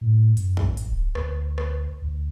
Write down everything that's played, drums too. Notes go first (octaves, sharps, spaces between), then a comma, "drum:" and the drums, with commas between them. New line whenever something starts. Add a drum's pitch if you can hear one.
A2
F#2, drum: hi-hat
drum: kick
A1
drum: hi-hat
D1
D2, drum: rim click
drum: rim click
D2